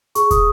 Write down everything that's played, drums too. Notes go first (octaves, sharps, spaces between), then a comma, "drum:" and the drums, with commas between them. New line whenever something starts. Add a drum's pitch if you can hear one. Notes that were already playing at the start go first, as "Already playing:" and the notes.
G#4 C#6, drum: hi-hat
D#6, drum: kick, hi-hat